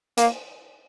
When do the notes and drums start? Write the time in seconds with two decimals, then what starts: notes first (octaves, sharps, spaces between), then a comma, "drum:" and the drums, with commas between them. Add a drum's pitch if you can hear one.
0.18 A#3, drum: hi-hat